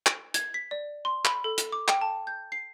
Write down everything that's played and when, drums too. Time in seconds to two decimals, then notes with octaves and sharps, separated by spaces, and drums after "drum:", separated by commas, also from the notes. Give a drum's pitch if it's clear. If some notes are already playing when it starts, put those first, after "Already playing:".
0.06 D7, drum: clap
0.34 G#6, drum: hi-hat
0.54 B6
0.71 D5
1.05 C6
1.25 B5, drum: clap
1.44 A4
1.58 drum: hi-hat
1.72 D6
1.88 G5, drum: clap
2.01 A5
2.27 G6
2.52 C7